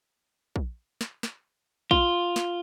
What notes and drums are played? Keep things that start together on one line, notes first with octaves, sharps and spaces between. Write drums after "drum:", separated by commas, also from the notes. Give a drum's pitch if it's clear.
drum: kick
drum: snare
drum: snare
F4, drum: kick
drum: snare